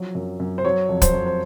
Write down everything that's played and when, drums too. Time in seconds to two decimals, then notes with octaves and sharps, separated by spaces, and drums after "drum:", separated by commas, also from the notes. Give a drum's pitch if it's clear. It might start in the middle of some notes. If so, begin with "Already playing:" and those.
Already playing: F3 F#3
0.15 F#2
0.40 F#2
0.58 C5
0.65 F#3 C#5
0.89 F2
1.02 C5, drum: kick, hi-hat
1.14 F2
1.27 C5